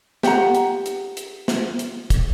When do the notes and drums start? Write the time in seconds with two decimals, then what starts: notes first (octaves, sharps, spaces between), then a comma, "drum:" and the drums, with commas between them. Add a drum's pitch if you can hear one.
0.23 G4 F#5 A#5, drum: snare
0.55 drum: hi-hat
0.86 drum: hi-hat
1.17 drum: hi-hat
1.48 drum: snare
1.79 drum: hi-hat
2.10 drum: kick, hi-hat